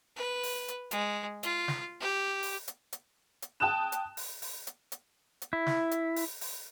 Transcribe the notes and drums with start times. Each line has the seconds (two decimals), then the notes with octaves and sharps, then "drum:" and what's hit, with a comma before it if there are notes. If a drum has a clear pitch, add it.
0.16 B4
0.43 drum: open hi-hat
0.68 drum: hi-hat
0.91 G#3, drum: hi-hat
1.43 F4, drum: hi-hat
1.68 drum: snare
2.00 G4
2.43 drum: open hi-hat
2.68 drum: hi-hat
2.92 drum: hi-hat
3.42 drum: hi-hat
3.60 G5 A5 D#6 F#6 E7
3.92 drum: hi-hat
4.17 drum: open hi-hat
4.42 drum: open hi-hat
4.67 drum: hi-hat
4.92 drum: hi-hat
5.42 drum: hi-hat
5.53 E4
5.66 drum: snare
5.91 drum: hi-hat
6.16 drum: open hi-hat
6.41 drum: open hi-hat